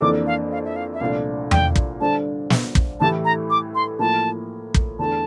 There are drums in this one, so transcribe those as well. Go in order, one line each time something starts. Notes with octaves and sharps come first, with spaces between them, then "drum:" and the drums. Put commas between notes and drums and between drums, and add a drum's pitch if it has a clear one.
F2 E3 A#3 D4 A4 D6
F5
F5
E5
F5
E5
C2 A#2 F3 A3 D4 F5
G5, drum: tom E2
drum: kick
D3 G3 D4 A4 C5 A5
drum: snare
drum: kick
A2 E3 A3 E4 G4 A5
A#5
D6
C6
A2 F3 A#3 A5
drum: kick
E2 D3 A3 A5